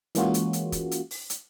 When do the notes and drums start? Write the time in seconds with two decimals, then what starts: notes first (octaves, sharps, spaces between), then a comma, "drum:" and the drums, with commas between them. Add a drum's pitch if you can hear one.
0.15 E3 G#3 A#3 C#4 F4 F#4, drum: hi-hat
0.34 drum: hi-hat
0.53 drum: hi-hat
0.72 drum: kick, hi-hat
0.91 drum: hi-hat
1.11 drum: open hi-hat
1.30 drum: hi-hat